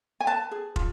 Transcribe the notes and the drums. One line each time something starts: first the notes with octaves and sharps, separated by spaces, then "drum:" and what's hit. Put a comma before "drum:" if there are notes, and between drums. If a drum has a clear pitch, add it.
G#5
B4 A5
G#4
F4, drum: kick